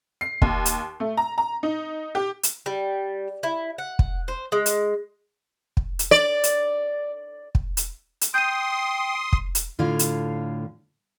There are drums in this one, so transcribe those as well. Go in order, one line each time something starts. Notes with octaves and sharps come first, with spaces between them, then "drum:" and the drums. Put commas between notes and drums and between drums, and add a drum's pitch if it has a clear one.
C7
D#2, drum: kick
drum: hi-hat
A3
A#5
A#5
D#4
G4
drum: hi-hat
G3
E4
F#5
drum: kick
C5
G#3
drum: hi-hat
drum: kick
drum: hi-hat
D5
drum: hi-hat
drum: kick
drum: hi-hat
drum: hi-hat
G5 C6 D#6 G6 D#7
drum: kick
drum: hi-hat
A2 D3 F4 C#5 F5
drum: hi-hat